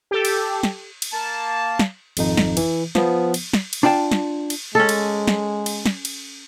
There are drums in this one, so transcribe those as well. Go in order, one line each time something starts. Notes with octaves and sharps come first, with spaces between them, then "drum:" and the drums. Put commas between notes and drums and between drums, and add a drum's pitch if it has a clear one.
G4 A4
drum: cymbal
drum: snare
drum: cymbal
A#3 A5
drum: snare
G#1 F2 D#4, drum: cymbal
drum: snare
E3, drum: cymbal
F3 B3, drum: snare
drum: cymbal
drum: snare
drum: cymbal
D4 F4 D5 G5 A5
drum: snare
drum: cymbal
G#3 C#4 A4
drum: cymbal
drum: snare
drum: cymbal
drum: snare
drum: cymbal